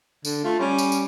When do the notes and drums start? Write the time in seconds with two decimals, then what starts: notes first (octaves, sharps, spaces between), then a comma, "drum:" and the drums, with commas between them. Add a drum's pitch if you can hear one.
0.25 D3, drum: tambourine
0.44 A3 F4
0.60 G3 C#4
0.78 drum: tambourine
0.92 drum: tambourine